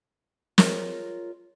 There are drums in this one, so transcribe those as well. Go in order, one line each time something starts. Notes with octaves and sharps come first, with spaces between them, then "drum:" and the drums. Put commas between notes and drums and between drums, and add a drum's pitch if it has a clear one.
F4 G#4 A#4 C#5 D#5, drum: snare